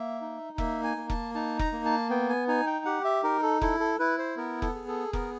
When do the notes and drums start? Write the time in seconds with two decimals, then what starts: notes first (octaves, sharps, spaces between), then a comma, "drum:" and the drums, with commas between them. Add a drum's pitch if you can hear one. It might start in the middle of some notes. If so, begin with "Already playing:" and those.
Already playing: A#3 E5
0.21 D#4
0.58 A#3 E5, drum: kick F1
0.84 G#5
0.97 A#3
1.10 A5, drum: kick F1
1.35 D#4 A5
1.59 A#5, drum: kick F1
1.72 A#3
1.85 A5
2.10 B3 G5
2.29 G#5
2.48 D#4 G#5
2.66 G5
2.85 G4 F#5
3.05 E5
3.23 D#4 A#4
3.42 A4
3.62 E4 A4, drum: kick F1
3.80 A4
3.99 E4 B4
4.18 C5
4.37 B3 A#4
4.62 A4, drum: kick F1
4.75 G#4
4.88 A4
5.13 B3 A#4, drum: kick F1